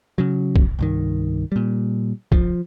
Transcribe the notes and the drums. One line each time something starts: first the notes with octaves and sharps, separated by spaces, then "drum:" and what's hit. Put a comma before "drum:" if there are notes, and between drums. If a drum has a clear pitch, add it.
C#3 F#3
drum: kick
C2 G2 D#3
A#2 G3
F3, drum: kick